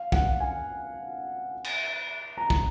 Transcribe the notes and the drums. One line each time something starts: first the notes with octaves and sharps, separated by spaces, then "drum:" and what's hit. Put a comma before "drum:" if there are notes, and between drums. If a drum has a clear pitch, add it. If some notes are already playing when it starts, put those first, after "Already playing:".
Already playing: F5
F#5, drum: kick
G#5
drum: cymbal
A#5
drum: kick